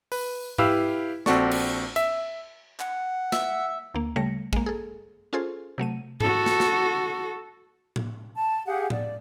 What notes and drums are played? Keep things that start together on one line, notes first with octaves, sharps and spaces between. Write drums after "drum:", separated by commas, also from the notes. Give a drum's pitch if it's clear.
B4, drum: open hi-hat
E4 G4 B4 F5 E6, drum: tom G#2
A#1 C4 F#4 A4 D5 C#6, drum: snare
drum: cymbal
E5, drum: hi-hat
F#5, drum: clap
E5, drum: snare
D2 A#3
C#3 G3 A3 A#6 C#7
G#3 A#3, drum: kick
G#4 A4
C#4 F4 G#4 A4 C5
C3 F#3 A3 D#7
F#4 A4, drum: tom G#2
drum: snare
drum: snare
drum: tom A2
A5
G4 G#4 F5 F#5
D5, drum: tom A2